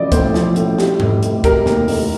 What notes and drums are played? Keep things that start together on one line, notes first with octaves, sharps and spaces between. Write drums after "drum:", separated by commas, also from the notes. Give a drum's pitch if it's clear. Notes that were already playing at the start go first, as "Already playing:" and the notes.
Already playing: A1 F3 D5 D#5
A2 C5, drum: kick C2, hi-hat
F3, drum: snare
A2, drum: hi-hat
G3, drum: snare
F1, drum: tom G#2
F1, drum: hi-hat
G3 A#4, drum: kick C2, hi-hat
D#2, drum: snare
F1, drum: open hi-hat